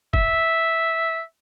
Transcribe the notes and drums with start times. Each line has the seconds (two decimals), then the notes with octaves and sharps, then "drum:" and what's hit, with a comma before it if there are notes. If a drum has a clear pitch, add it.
0.14 E5, drum: kick